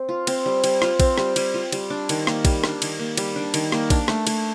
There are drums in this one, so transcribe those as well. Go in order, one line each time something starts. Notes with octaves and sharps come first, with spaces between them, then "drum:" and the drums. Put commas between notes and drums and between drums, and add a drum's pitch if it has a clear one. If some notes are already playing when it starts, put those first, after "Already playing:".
Already playing: C4
F4
C4, drum: cymbal
G3
G3, drum: cymbal
F4, drum: rim click
C4, drum: kick A#1, cymbal
G3, drum: rim click
G3, drum: cymbal
F4
G3, drum: cymbal
D4
D#3, drum: cymbal
A#3, drum: rim click
G3, drum: kick A#1, cymbal
D4, drum: rim click
D#3, drum: cymbal
A#3
G3, drum: cymbal
D4
D#3, drum: cymbal
A#3, drum: rim click
D4, drum: kick A#1, cymbal
A3, drum: rim click
A3, drum: cymbal